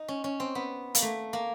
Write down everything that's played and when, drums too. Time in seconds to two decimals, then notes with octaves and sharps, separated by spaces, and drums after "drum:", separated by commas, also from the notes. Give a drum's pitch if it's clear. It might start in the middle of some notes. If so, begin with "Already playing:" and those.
Already playing: D#4
0.08 C#4
0.24 C#4
0.40 C4
0.55 B3
0.95 A#3, drum: hi-hat
1.02 A3
1.33 A#3